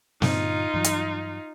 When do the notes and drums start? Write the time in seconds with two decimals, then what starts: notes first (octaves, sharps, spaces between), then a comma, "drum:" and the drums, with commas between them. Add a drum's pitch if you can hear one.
0.22 G2 A#2 D3 D#4 F4, drum: snare
0.74 G2 E3 F#3
0.84 drum: hi-hat